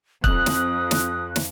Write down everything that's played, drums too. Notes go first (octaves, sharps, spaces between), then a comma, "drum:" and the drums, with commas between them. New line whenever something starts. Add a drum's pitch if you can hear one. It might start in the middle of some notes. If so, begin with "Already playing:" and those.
F2 D#6 F#6, drum: kick
drum: snare
drum: snare
drum: snare